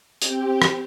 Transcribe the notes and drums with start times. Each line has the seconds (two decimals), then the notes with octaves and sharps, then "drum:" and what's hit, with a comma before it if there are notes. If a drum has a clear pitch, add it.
0.22 C4 G4 G5, drum: hi-hat
0.62 drum: rim click